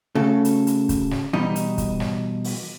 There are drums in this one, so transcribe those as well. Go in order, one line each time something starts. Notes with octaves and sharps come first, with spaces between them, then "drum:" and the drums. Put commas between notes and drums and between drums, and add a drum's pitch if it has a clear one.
C#3 A3 F#4 A4
drum: hi-hat
drum: hi-hat
drum: kick, hi-hat
drum: snare
B2 E3 G3 D#4 B5
drum: hi-hat
drum: kick, hi-hat
drum: snare
drum: open hi-hat